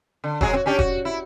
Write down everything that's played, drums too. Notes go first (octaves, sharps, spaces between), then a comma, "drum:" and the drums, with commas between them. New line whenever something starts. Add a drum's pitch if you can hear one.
D3
F#3 G#3 G#4, drum: kick E1
C4 F#4
C#4 D4 G4
F#4, drum: kick E1
E4